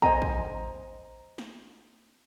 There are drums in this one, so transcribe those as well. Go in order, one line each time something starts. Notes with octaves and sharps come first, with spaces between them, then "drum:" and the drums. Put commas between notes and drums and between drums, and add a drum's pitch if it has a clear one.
C5 D#5 G#5 A#5, drum: kick
drum: kick
drum: snare